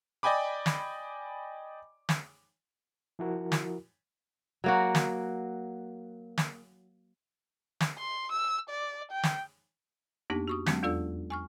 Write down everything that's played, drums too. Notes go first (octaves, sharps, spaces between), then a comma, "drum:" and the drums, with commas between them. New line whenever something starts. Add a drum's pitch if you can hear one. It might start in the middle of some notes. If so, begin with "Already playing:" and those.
D5 D#5 G5 G#5 B5 D6
drum: snare
drum: snare
F3 E4 F#4 A#4
drum: snare
F#3 A#3 F#4
drum: snare
drum: snare
drum: snare
C6
E6
D5
G5
drum: snare
F2 A#3 B3 D4 D#4 G4
F#4 C#6 D#6
F#3 G#3 B3 C#4, drum: snare
E2 D4 F4 A4 D5 E6
G#5 C#6 F6